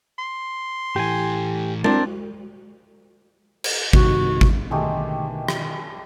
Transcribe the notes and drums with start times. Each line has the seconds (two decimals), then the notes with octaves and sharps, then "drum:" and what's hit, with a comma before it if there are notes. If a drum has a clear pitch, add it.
0.18 C6
0.96 A2 E3 G4 G#5
1.84 C4 D4 A#4 A5, drum: tom G#3
3.64 drum: cymbal
3.93 G2 C3 D#3 F#4, drum: kick G#1
4.41 drum: kick G#1
4.71 B2 D3 D#3 G#3 A3 G4
5.48 drum: rim click